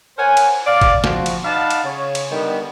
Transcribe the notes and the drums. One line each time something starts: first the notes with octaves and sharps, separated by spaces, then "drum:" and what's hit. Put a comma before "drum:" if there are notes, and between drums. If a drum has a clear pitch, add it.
A#4 C5 C#5 F#5 G#5
drum: cymbal
D5 F5
drum: kick, cymbal
F3 F#4, drum: snare
drum: cymbal
D#4 D5 F5 F#5 A5 B5
drum: cymbal
C#3 C#5
drum: cymbal
D3 D#3 G3 B3